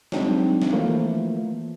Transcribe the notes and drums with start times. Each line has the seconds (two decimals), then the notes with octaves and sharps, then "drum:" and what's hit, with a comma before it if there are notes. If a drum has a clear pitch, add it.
0.12 F#3 G#3 C4 D4 D#4, drum: snare
0.62 drum: snare
0.73 E3 F3 A3 A#3